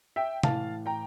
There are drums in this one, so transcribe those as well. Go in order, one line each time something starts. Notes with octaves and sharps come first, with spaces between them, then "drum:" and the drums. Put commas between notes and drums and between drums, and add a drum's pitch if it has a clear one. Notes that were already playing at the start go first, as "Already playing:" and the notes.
E5 G5
A2 E3 F5 A5, drum: tom C3
G5 A#5